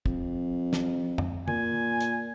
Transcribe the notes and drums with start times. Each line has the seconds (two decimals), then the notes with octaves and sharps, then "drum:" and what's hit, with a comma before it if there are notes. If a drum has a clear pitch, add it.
0.06 F2, drum: kick
0.73 drum: snare
1.18 drum: tom F2
1.48 A#2 G#5, drum: tom
2.00 drum: hi-hat